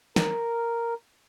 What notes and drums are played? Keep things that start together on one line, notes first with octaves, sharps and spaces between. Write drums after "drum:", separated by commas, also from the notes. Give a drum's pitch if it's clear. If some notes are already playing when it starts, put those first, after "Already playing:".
A#4, drum: snare